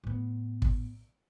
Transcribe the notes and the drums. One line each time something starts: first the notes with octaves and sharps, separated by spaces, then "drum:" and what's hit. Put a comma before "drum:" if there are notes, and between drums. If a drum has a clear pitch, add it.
A2 B3
drum: kick